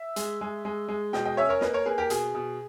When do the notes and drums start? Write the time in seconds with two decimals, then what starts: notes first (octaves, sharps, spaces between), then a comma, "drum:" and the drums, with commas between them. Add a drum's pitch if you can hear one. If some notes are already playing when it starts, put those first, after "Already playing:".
Already playing: E5
0.16 G#3, drum: hi-hat
0.41 G#3
0.65 G#3
0.88 G#3
1.13 B2 D#5 G5, drum: snare
1.25 D#5 G5
1.37 C#4 C#5 E5
1.49 A#4 C#5
1.61 A#3 B4 D#5, drum: snare
1.74 A#4 C#5
1.86 A#3 G#4 B4
1.98 G4 A#4
2.10 B2 G#4, drum: hi-hat
2.35 B2